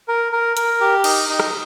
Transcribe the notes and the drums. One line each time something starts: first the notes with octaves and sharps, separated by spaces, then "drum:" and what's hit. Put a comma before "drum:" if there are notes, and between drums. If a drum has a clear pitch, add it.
A#4
A#4
A#4, drum: hi-hat
G4
D#4, drum: cymbal
D#4
drum: rim click